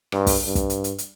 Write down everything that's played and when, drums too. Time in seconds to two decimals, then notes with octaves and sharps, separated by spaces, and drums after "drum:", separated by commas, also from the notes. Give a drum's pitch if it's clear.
0.12 G2, drum: rim click
0.27 drum: kick, open hi-hat
0.46 G2
0.55 drum: kick, hi-hat
0.70 drum: hi-hat
0.84 drum: hi-hat
0.98 drum: hi-hat